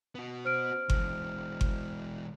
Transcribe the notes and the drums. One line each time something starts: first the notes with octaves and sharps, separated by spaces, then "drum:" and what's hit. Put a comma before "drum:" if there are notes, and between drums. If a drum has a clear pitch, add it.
B3 F#4
C5 F6 D7
E3 G#3, drum: kick G1
drum: kick G1